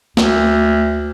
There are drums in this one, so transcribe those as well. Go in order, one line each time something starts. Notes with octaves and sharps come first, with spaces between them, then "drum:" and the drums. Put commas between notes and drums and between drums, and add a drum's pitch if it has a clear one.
D2, drum: snare